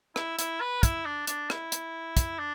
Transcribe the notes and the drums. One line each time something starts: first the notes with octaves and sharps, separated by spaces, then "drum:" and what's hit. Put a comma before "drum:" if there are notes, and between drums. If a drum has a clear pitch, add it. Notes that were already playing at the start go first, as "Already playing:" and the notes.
E4, drum: rim click
E4, drum: hi-hat
B4
E4, drum: kick, hi-hat
D4
D4, drum: hi-hat
E4, drum: rim click
drum: hi-hat
drum: kick, hi-hat
D4